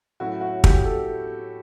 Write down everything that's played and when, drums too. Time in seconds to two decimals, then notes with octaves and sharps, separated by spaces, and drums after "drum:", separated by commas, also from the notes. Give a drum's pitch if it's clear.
0.20 A2 F#3 C#4 E4 F#4
0.41 F#4
0.64 G4, drum: kick
0.85 A4